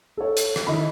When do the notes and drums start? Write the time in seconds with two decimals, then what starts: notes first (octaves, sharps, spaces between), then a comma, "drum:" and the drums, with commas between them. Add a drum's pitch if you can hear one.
0.17 A4 C#5
0.37 drum: hi-hat
0.56 drum: rim click
0.67 D#3 E4 D#5 B5